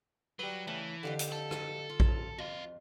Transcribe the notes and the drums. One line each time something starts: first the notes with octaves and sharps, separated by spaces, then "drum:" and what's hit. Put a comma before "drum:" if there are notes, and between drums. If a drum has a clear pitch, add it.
F#3 G3 B4
C#3 E3 A3
F2 D3 G4 F5
drum: hi-hat
A4
drum: rim click
F4
drum: kick A#1
F2 F#4 F5